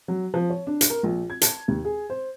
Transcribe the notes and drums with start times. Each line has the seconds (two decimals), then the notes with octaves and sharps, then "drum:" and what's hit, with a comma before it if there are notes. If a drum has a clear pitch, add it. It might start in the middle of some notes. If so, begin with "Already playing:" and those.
0.08 F#3
0.34 F3
0.50 C#5
0.67 D4
0.81 drum: hi-hat
0.90 A#4
1.03 A#1
1.30 G#6
1.41 A5, drum: hi-hat
1.68 D#2
1.85 G#4
2.10 C5